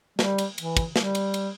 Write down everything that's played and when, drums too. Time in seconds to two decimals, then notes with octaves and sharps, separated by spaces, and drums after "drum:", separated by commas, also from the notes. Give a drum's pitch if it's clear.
0.19 G3, drum: snare
0.38 drum: cymbal
0.58 E3, drum: cymbal
0.77 drum: kick, cymbal
0.96 G3, drum: snare
1.15 drum: cymbal
1.34 drum: cymbal